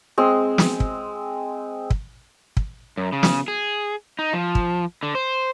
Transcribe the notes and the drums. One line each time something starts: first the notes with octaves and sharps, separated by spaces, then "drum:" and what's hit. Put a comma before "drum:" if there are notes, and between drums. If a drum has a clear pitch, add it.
G#3 C4
drum: snare
drum: kick
drum: kick
drum: kick
F#2
C#3
drum: snare
G#4
D#4
F3
drum: kick
D3
C5